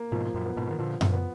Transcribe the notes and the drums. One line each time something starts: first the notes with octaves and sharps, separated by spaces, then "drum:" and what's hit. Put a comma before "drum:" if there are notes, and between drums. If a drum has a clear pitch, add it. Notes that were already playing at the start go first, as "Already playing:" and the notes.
Already playing: A#3
G#2 B2 F3
F#2 A#2
B3
G#2 B2
D#3
A#2 D3 F3
A#2 D3, drum: tom F#2
B3